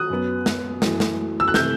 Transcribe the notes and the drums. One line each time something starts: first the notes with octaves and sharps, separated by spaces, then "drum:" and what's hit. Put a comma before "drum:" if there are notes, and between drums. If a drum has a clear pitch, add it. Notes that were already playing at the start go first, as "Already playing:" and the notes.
Already playing: D#6 F#6
F#2 F#3 B3
drum: snare
F#2 E3 A3, drum: snare
drum: snare
E6
F#6
C3 E3 A3 E6 G6, drum: snare